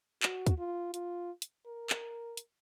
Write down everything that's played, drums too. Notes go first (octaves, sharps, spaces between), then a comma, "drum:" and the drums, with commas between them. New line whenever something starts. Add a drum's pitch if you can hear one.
F#4, drum: clap
drum: kick, hi-hat
F4
F4, drum: hi-hat
drum: hi-hat
A#4
drum: clap
drum: hi-hat